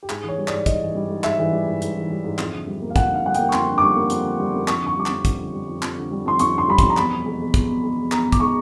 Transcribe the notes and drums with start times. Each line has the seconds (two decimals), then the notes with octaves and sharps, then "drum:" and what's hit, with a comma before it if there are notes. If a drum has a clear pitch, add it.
0.03 G4
0.09 G#2 G#4, drum: clap
0.24 E3 C#5
0.38 G3
0.48 G#2 D5, drum: clap
0.66 G#2 D#5, drum: kick, hi-hat
0.81 E3
0.95 G3
1.09 G#2
1.24 G#2 E5, drum: clap
1.39 E3
1.53 G3
1.67 G#2
1.82 G#2, drum: hi-hat
1.95 E3
2.10 G3
2.24 G#2
2.38 F2, drum: clap
2.53 D3
2.67 G3
2.82 A#3
2.90 F5
2.96 F2 F#5, drum: kick, hi-hat
3.10 D3 F5
3.25 G3 F#5
3.35 A#3 G5, drum: hi-hat
3.49 C#6
3.53 F2 C6, drum: clap
3.68 D3
3.78 D6
3.82 G3 C#6
3.96 A#3
4.10 F2, drum: hi-hat
4.25 D3
4.40 G3
4.53 A#3
4.68 F2 C#6, drum: clap
4.82 D3 C#6
4.97 G3 D6
5.06 F2 C#6, drum: clap
5.25 F2, drum: kick, hi-hat
5.40 D3
5.53 G3
5.68 F2
5.82 F2, drum: clap
5.97 D3
6.11 G3
6.25 F2 C6
6.39 F2 C#6, drum: hi-hat
6.54 D3 C6
6.68 G3 B5
6.78 F2 C6, drum: kick, hi-hat
6.90 A#5
6.97 E2 B5, drum: clap
7.11 B2
7.25 G#3
7.40 E2
7.54 E2, drum: kick, hi-hat
7.68 B2
7.83 G#3
7.97 E2
8.12 E2 A#5, drum: clap
8.26 B2
8.32 D6, drum: kick, hi-hat
8.40 G#3 C#6